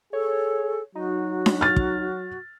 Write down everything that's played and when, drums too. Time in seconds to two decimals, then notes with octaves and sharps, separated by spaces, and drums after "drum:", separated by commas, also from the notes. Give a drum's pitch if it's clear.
0.13 G#4 A4 C#5
0.95 F#3 D#4 F#4
1.46 drum: snare D4
1.61 F6 A6
1.76 drum: kick